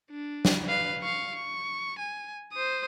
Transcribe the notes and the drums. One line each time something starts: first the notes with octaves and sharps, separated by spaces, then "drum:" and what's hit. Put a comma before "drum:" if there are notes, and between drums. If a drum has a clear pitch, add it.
D4
drum: snare
B4 F5
F5 C#6
C#6
G#5
C5 D#6